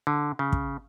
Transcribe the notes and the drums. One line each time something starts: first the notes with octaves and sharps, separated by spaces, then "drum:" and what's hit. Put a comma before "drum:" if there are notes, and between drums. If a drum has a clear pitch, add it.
D3
C#3
drum: kick